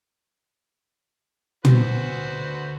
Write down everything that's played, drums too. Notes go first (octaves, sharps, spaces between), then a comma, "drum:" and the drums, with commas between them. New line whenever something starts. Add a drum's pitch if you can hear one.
D2 F#4 B4 C5, drum: tom